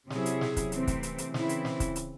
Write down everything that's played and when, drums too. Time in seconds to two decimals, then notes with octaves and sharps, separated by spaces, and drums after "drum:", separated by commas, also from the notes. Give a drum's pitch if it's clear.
0.10 C3 F#3 C#4 E4 G#4, drum: snare
0.26 drum: hi-hat
0.41 drum: snare
0.57 drum: kick, hi-hat
0.72 C3 E3 A3 C4, drum: hi-hat
0.87 drum: kick, hi-hat
1.03 drum: hi-hat
1.18 drum: hi-hat
1.34 C#3 E3 C4 E4, drum: snare
1.49 drum: hi-hat
1.65 drum: snare
1.80 drum: kick, hi-hat
1.96 drum: hi-hat